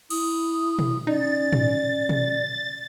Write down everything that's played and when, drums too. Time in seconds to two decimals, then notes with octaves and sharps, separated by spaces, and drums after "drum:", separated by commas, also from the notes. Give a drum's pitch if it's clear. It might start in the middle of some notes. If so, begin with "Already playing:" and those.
0.10 E4 D#6, drum: cymbal
0.79 drum: tom
1.07 C#4 D#4 D5 A6
1.53 drum: tom
2.09 drum: tom